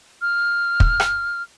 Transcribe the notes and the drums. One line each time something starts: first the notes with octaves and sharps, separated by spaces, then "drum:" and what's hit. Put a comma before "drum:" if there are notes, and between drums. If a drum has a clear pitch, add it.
F6
drum: kick
drum: rim click